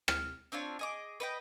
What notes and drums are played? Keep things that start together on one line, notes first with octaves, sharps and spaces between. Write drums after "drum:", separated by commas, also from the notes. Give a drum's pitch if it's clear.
F6, drum: rim click
C4 D4 F4 C#5
G#4 D#5 D6
B4 D#5 G5